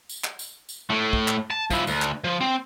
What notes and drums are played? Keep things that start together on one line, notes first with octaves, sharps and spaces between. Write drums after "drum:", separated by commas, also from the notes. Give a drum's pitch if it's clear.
drum: tambourine
drum: clap
drum: tambourine
drum: tambourine
A2 A3
drum: kick
drum: clap
A5
F3 E4, drum: kick, tambourine
D2, drum: tambourine
drum: clap
F3
C4